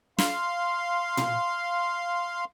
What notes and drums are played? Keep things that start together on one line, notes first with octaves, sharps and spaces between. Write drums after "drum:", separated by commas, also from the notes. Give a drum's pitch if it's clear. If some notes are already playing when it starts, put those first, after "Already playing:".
F5 C6, drum: snare
drum: tom